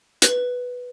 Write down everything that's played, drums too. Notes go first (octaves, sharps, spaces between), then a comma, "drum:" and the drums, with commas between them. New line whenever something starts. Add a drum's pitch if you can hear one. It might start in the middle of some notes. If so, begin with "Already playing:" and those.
B4, drum: hi-hat